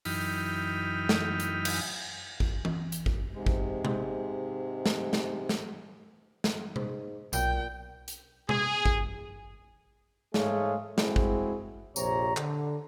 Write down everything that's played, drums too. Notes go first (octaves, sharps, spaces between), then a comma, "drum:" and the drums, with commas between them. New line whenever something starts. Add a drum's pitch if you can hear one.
F#2 E3 D#4 G5 B5 F6, drum: open hi-hat
drum: snare
drum: hi-hat
drum: cymbal
drum: kick G#1
drum: tom E3
drum: hi-hat
drum: kick G#1
G#2 C3 G#3
drum: kick G#1
drum: tom C3
drum: snare
drum: snare
drum: snare
drum: snare
G#2, drum: tom C3
B1 A#2 G5, drum: tambourine
drum: hi-hat
G#4, drum: tom C3
drum: kick G#1
G#2 G#3 A3 G#4 C#5 F5, drum: snare
G#3 C4 E4 F#4 G#4, drum: snare
drum: kick G#1
A#1 F2 C3 C#5 A#5, drum: tambourine
D3, drum: clap